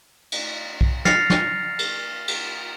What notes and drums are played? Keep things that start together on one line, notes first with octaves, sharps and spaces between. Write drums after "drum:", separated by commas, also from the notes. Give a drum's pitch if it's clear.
drum: cymbal
drum: kick B1
F6 A6 A#6 C7 C#7 F7, drum: snare
drum: snare
drum: cymbal
drum: cymbal